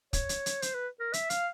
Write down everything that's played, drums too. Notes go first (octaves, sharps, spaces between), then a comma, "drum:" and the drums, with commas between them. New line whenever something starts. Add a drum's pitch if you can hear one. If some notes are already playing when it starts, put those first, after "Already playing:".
C#5, drum: kick, hi-hat
drum: hi-hat
drum: hi-hat
C5, drum: hi-hat
B4
A#4
E5, drum: hi-hat
F5, drum: hi-hat